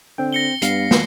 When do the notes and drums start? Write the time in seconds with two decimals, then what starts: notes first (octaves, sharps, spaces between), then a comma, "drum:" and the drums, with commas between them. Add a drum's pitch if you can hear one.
0.18 D3 C4 G5
0.33 A#6 C#7 G7
0.62 G2 B3 F5 C7, drum: hi-hat
0.91 C7, drum: snare